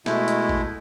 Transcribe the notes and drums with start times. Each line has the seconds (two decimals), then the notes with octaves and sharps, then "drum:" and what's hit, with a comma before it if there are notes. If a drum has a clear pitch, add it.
0.06 B2 G#3 A3 E4, drum: snare
0.28 drum: hi-hat
0.49 drum: kick A1